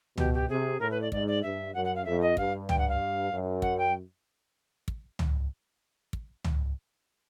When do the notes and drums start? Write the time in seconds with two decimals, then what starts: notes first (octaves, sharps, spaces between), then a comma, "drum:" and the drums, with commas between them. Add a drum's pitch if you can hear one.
0.18 B2 G4, drum: tom C#2
0.34 G4
0.48 C3 G#4
0.80 A2 A#4
0.91 B4
1.01 D5
1.12 G#2 D5, drum: kick
1.27 D5
1.43 G2 E5
1.74 F#2 F#5
1.85 F#5
1.95 F5
2.05 F2 E5
2.21 D#5
2.37 G2 F5, drum: kick
2.69 G5, drum: tom C#2
2.78 F#5
2.89 F5
3.31 F#2
3.62 F#5, drum: kick
3.78 G5
4.88 drum: kick
5.19 drum: tom C#2
6.13 drum: kick
6.44 drum: tom C#2